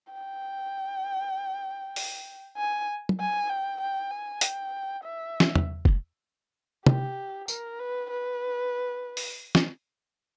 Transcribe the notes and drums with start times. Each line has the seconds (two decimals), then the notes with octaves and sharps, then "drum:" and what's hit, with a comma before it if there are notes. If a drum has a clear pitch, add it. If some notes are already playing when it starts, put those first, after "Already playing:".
0.13 G5
1.96 drum: open hi-hat
2.57 G#5
3.09 drum: tom F#3
3.20 G#5
3.50 G5
3.81 G5
4.11 G#5
4.41 G5, drum: hi-hat
5.04 E5
5.40 drum: snare
5.55 drum: tom E2
5.85 drum: kick
6.86 G4, drum: tom
7.48 A#4, drum: tambourine
7.79 B4
8.10 B4
9.17 drum: open hi-hat
9.55 drum: snare